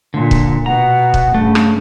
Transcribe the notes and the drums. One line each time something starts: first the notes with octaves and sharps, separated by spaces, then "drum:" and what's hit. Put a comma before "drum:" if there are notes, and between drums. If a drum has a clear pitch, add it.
A#2 D3
drum: kick
B2 F#5 A#5
drum: kick
G2 C#3 A3
drum: rim click